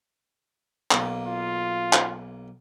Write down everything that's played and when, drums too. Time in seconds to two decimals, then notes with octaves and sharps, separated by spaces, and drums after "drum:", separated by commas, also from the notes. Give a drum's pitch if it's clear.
0.91 B1 A#3, drum: clap
1.26 F4
1.93 drum: clap